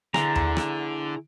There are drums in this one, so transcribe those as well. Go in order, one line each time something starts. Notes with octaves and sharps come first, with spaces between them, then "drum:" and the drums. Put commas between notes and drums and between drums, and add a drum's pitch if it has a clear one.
D3 E4 G#4 A#5, drum: rim click
drum: tom D#2
drum: rim click